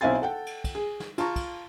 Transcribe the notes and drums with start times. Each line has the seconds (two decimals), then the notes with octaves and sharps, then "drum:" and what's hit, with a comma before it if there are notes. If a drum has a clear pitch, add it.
0.01 B1 C4 E4 F5 G#5 A6
0.22 A4 F#5 G5
0.46 drum: cymbal
0.64 drum: kick, cymbal
0.75 G#4
1.00 drum: snare
1.18 F4 A5 A#5 C#6, drum: cymbal
1.36 drum: kick, cymbal